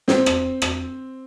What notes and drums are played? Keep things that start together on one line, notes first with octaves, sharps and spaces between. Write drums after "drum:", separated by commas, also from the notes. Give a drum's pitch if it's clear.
C4, drum: snare
drum: rim click
drum: rim click